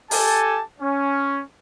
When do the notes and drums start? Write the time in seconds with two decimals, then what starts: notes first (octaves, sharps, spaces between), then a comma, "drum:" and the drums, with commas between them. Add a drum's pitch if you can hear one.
0.11 G4 A4 G#5 A5, drum: open hi-hat
0.81 C#4